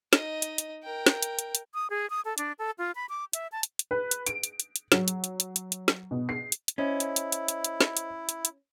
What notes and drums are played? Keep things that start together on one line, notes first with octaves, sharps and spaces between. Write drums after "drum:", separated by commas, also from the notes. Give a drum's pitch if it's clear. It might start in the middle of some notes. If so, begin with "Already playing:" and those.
D#4 D#5, drum: snare
drum: hi-hat
drum: hi-hat
A#4 G5
drum: snare
drum: hi-hat
drum: hi-hat
drum: hi-hat
D#6
G#4
D#6
A4
D4, drum: hi-hat
A4
F4
B5
D6
E5, drum: hi-hat
A5
drum: hi-hat
drum: hi-hat
B4
drum: hi-hat
D7, drum: hi-hat
drum: hi-hat
drum: hi-hat
drum: hi-hat
F#3, drum: snare
drum: hi-hat
drum: hi-hat
drum: hi-hat
drum: hi-hat
drum: hi-hat
drum: snare
B2
C7
drum: hi-hat
drum: hi-hat
C#4 E4 C5 D#5 E5
drum: hi-hat
drum: hi-hat
drum: hi-hat
drum: hi-hat
drum: hi-hat
drum: snare
drum: hi-hat
drum: hi-hat
drum: hi-hat